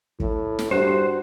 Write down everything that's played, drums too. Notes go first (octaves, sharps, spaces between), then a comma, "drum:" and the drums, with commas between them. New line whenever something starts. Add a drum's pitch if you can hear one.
A2, drum: kick
drum: snare
G2 F#4 C5